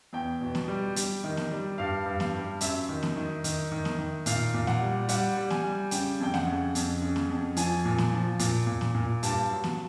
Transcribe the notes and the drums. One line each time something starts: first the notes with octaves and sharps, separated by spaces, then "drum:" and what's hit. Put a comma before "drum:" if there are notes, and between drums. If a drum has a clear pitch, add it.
E2 G5
B2
drum: snare
G3
G3, drum: hi-hat
D#3
drum: snare
G3
G2 F5
G2
drum: snare
G2
F#2 E5, drum: hi-hat
D#3
drum: snare
D#3
D#3, drum: hi-hat
D#3
drum: snare
D#3
A#2 F5, drum: hi-hat
A#2
F#5, drum: snare
G3
G3 F#5, drum: hi-hat
G3
G#5, drum: snare
G3
C#3 G5, drum: hi-hat
F2 G5
F#5, drum: snare
C#3
F2, drum: hi-hat
C#3
drum: snare
F2
F3 G#5, drum: hi-hat
A#2
drum: snare
F3
A#2, drum: hi-hat
A#2
drum: snare
A#2
G2 A5, drum: hi-hat
F#3
drum: snare